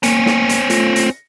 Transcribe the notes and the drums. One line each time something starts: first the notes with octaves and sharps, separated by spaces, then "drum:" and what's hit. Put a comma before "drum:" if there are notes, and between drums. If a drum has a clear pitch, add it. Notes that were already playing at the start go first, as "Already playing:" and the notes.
A#3 C4 C#4, drum: hi-hat
drum: snare
drum: hi-hat
A3 F4 A#6, drum: hi-hat
drum: hi-hat